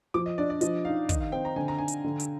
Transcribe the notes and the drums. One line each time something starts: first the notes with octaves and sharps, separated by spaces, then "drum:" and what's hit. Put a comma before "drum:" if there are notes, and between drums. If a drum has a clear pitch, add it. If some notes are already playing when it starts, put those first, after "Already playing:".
F3 D6
D#5
D4 D5
D5
F3 D#5, drum: hi-hat
D#4 F5
D#3 D#5, drum: kick, hi-hat
F5
C4 G5
A#5
D3 G#5
A#5
D4 G#5
drum: hi-hat
D3
drum: hi-hat